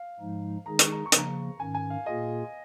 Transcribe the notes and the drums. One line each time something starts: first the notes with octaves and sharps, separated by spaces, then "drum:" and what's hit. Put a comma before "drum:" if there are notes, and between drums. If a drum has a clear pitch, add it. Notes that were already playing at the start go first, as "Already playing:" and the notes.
Already playing: F5
G#2 F3 G#3 D#4
D#3 G#3 D#4 G#4 A#5
C#6, drum: hi-hat
A#5
C#6
C#3 F3 A#3, drum: hi-hat
A#5
G#2 D#3 C#4 G#5
G#5
F5
A#2 A#3 F4 G#4 D#5